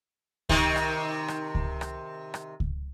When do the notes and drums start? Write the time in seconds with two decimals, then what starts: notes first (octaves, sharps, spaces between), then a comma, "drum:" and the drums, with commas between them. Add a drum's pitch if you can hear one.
0.49 C3 D#3, drum: kick C#2
0.76 drum: rim click
1.28 drum: rim click
1.55 drum: kick C#2
1.81 drum: rim click
2.34 drum: rim click
2.60 drum: kick C#2